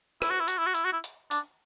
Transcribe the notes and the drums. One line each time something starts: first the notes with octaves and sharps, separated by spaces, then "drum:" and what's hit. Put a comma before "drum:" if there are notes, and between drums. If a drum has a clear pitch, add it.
E4, drum: rim click
F#4
E4
F#4, drum: hi-hat
E4
F#4
E4, drum: hi-hat
F#4
E4
drum: hi-hat
D4, drum: hi-hat